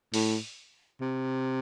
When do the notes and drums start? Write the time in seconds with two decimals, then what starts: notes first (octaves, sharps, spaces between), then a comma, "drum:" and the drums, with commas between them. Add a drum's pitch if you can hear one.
0.14 A2, drum: open hi-hat
1.01 C3